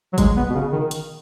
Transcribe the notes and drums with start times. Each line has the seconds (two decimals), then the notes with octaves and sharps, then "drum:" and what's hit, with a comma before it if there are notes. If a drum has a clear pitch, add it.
0.13 F#3
0.18 G#3, drum: kick G1, hi-hat
0.36 B3
0.50 B2
0.55 C#3
0.73 D#3
0.91 drum: hi-hat